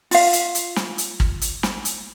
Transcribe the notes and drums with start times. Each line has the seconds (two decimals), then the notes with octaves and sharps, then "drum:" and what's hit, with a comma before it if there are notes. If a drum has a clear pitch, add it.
0.11 F4 F5, drum: open hi-hat
0.33 drum: hi-hat
0.55 drum: hi-hat
0.76 drum: snare
0.98 drum: hi-hat
1.20 drum: kick
1.41 drum: hi-hat
1.63 drum: snare
1.85 drum: hi-hat